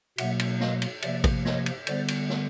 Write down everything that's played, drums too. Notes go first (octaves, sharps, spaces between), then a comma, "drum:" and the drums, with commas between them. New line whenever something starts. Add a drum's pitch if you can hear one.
B2 F#3 A#3 E5 F#5, drum: cymbal
drum: cymbal
D#5 F5, drum: snare
drum: cymbal
C3 F3 A#3 D5 E5, drum: cymbal
drum: kick A1, cymbal
C#5 D#5, drum: snare
drum: cymbal
D3 G3 B3 C5 D5, drum: cymbal
drum: cymbal
drum: snare